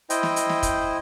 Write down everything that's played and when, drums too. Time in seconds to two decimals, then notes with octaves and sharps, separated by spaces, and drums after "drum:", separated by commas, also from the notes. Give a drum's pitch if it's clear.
0.10 E4 C5 D#5 G5, drum: hi-hat
0.23 drum: snare
0.36 drum: hi-hat
0.49 drum: snare
0.63 drum: kick, hi-hat